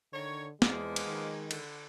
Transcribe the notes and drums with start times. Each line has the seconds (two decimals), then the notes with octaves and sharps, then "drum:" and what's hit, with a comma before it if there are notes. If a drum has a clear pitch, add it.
0.12 D3 D#3 C#5
0.62 E2 F3 G#3 A#3 B3, drum: snare
0.96 drum: cymbal
1.07 D#3
1.51 D3, drum: cymbal